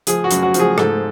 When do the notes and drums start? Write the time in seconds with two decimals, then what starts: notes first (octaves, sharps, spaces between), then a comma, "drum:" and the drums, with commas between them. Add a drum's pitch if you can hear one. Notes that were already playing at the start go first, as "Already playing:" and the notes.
0.07 F3 G#4, drum: hi-hat
0.24 F#4
0.31 F#2, drum: hi-hat
0.42 F#4
0.54 F3, drum: hi-hat
0.60 G#4
0.78 G#2 A4, drum: rim click